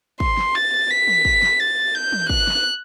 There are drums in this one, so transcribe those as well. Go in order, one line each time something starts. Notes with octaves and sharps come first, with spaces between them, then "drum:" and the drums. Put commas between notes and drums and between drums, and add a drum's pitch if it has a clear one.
C6, drum: kick
drum: snare
A6
B6
drum: tom
drum: kick
drum: snare
A6
G6
drum: tom
F#6, drum: kick
drum: snare